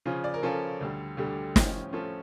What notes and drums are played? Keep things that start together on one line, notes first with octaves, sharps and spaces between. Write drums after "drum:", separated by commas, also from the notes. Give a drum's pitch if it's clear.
C#3 F3 C#4 F4
D5
A#4
C#3 F3 C#4 F4 A4
D2 D3 G3
D2 D3 G3 G4
A2 F3 C#4 F4, drum: snare
A2 F3 C#4 F4 A4